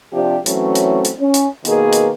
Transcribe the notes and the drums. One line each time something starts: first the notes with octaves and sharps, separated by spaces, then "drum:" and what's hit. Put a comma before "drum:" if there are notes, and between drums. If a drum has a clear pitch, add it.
C3 F3 D4 G4
E3 F#3 A3 C4 C#4, drum: hi-hat
drum: hi-hat
drum: hi-hat
C#4
drum: hi-hat
B2 D#3 A#3 G#4 B4, drum: hi-hat
drum: hi-hat